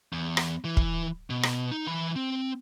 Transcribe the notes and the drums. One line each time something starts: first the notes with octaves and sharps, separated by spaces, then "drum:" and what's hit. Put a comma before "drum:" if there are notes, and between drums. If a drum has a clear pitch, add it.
E2
drum: rim click
E3
drum: kick
B2
drum: rim click
D#4
E3 B5
C4